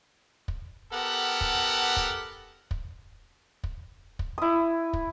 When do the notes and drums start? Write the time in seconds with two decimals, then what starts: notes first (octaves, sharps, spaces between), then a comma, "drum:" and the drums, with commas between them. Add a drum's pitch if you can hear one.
0.48 drum: kick
0.93 B3 G4 A4 A#4 F#5
1.41 drum: kick
1.97 drum: kick
2.71 drum: kick
3.64 drum: kick
4.19 drum: kick
4.38 E4 D#6
4.93 drum: kick